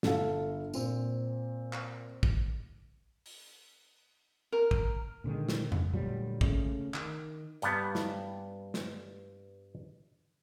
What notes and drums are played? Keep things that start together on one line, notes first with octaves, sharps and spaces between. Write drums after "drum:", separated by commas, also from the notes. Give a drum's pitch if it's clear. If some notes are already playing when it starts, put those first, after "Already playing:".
G1 A4 F5, drum: snare
A#2 C4, drum: tambourine
drum: clap
drum: kick
drum: open hi-hat
A#4
drum: kick
A#2 D3 D#3 G#3
drum: snare
drum: tom F2
D2 A#2 F#3 G3
C#3 A3, drum: kick
D#3, drum: clap
G2 G3 B3, drum: hi-hat
drum: snare
drum: snare